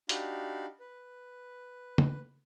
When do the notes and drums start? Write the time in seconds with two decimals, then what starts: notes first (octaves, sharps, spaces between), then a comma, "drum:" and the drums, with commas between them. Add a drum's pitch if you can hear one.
0.09 D4 D#4 F#4 G4 F5 B5, drum: hi-hat
0.80 B4
1.98 drum: tom